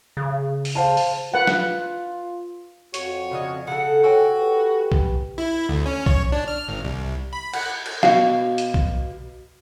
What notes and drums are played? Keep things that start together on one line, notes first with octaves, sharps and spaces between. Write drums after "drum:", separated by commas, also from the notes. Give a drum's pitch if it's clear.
C#3
drum: open hi-hat
C5 F5 A5
drum: open hi-hat
F4 B4 F#5
drum: snare
F2 F#4 C#5, drum: hi-hat
C#3 D4 D#5
C#3 A4 F#5
F#4 A4 C#5 G5 G#5
G4 B4
drum: kick B1
E4
D2
C#4
C#5, drum: kick B1
D4
F6
G#1
C2
B5
F#5, drum: cymbal
drum: cymbal
B2 F#4 F5, drum: snare
drum: hi-hat
drum: kick B1